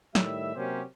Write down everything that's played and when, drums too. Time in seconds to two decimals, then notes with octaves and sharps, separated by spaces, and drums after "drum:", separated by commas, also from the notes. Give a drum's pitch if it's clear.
0.15 A2 D#3 G3 E5, drum: snare
0.56 C3 F#3 A#3 C#4 G4 C5